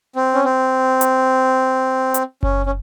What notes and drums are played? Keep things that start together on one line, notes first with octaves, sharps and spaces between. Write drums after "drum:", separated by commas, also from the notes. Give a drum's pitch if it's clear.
C4
C#4
C4
drum: hi-hat
drum: hi-hat
C#4, drum: kick F#1
C#4